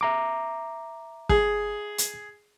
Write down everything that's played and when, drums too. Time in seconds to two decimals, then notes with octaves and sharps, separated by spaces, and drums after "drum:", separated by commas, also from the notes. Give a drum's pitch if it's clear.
0.01 E5 A#5 D6
1.29 G#4, drum: kick
1.98 drum: hi-hat